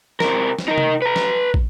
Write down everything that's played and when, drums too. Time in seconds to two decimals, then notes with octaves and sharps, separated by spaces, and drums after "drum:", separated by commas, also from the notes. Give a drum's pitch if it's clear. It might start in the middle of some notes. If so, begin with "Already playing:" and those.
0.20 C3 A#4, drum: snare
0.59 drum: snare
0.68 D#4 A#4
0.78 drum: tom C3
1.02 B4 A#5
1.16 drum: snare
1.54 drum: kick